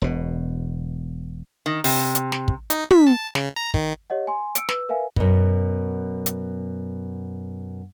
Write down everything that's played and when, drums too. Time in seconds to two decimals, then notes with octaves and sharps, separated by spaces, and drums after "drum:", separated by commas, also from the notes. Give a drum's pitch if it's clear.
0.02 E1 B2
1.66 D#3
1.84 C3, drum: open hi-hat
2.15 drum: hi-hat
2.32 drum: snare
2.48 drum: kick
2.70 D#4, drum: hi-hat
2.91 B6, drum: tom
3.07 A5
3.35 C#3, drum: snare
3.56 A#5
3.74 D#3, drum: kick
4.10 G4 C#5 D#5 F#5
4.27 G#5 C6
4.55 E6 C#7 D7, drum: hi-hat
4.69 B4 E6, drum: snare
4.89 A#4 B4 E5 F5 G#5
5.16 F#2 B2, drum: kick
6.26 drum: hi-hat